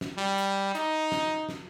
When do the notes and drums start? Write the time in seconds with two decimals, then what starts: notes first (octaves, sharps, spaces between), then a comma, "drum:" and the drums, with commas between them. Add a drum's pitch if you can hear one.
0.01 drum: snare
0.18 G3
0.38 drum: hi-hat
0.75 D#4, drum: hi-hat
1.12 drum: snare
1.49 drum: snare